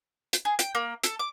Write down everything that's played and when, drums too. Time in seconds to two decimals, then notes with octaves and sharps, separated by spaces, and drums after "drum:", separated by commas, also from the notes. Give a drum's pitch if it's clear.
0.33 drum: hi-hat
0.45 G#4
0.59 G5, drum: hi-hat
0.75 A#3
1.03 A4, drum: hi-hat
1.19 D6